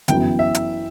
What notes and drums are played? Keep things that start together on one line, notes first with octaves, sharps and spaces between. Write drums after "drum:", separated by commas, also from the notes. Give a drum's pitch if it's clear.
G1 F#2 E3 B3 F#4 G5, drum: hi-hat
E5
drum: hi-hat